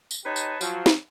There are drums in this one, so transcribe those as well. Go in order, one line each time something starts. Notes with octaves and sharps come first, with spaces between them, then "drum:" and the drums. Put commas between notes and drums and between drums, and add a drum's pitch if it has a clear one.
drum: tambourine
D#4 G4 B4 C#5 D#5 A5
drum: tambourine
F3 F#3, drum: tambourine
drum: snare